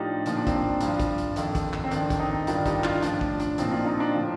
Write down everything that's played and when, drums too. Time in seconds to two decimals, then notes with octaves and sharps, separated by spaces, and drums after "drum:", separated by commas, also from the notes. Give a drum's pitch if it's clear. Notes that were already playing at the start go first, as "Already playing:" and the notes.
Already playing: A2 F3 D4 D#4 F4 G4
0.26 A#2 F3 D#4, drum: hi-hat
0.37 D4
0.47 C4, drum: kick, hi-hat
0.56 D4
0.81 G2 F3, drum: hi-hat
1.00 drum: kick, hi-hat
1.18 drum: hi-hat
1.36 F2 D#3, drum: hi-hat
1.55 drum: kick, hi-hat
1.73 drum: clap
1.84 C4
1.91 F2 D#3 D4, drum: hi-hat
2.10 drum: kick, hi-hat
2.19 C4 D#4
2.47 G2 D#3 D4 F4, drum: hi-hat
2.66 D#4 G4, drum: kick, hi-hat
2.84 D4 F4, drum: clap
3.03 A2 F3 D4, drum: hi-hat
3.21 drum: kick
3.40 D4, drum: hi-hat
3.58 A#2 F3 C4 D#4, drum: hi-hat
3.71 D4 F4
3.85 C4 D#4
4.00 D4
4.14 A2 F3